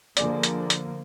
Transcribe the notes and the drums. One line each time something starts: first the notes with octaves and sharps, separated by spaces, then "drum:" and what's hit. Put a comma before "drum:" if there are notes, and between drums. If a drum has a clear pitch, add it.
D3 F3 A#3 G#4 D5, drum: hi-hat
drum: hi-hat
drum: hi-hat